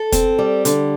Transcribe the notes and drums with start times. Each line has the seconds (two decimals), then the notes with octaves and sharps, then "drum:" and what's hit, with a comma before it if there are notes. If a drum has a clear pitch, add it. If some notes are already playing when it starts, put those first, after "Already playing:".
Already playing: A4
0.12 C4, drum: kick, hi-hat
0.39 G3
0.65 D3, drum: hi-hat